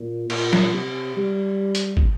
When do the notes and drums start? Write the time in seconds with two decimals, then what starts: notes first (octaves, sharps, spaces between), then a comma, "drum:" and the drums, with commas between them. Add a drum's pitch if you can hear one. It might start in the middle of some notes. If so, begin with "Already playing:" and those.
Already playing: A#2
0.30 A#2, drum: cymbal
0.53 drum: snare
0.73 C3
1.16 G3
1.75 drum: hi-hat
1.97 drum: kick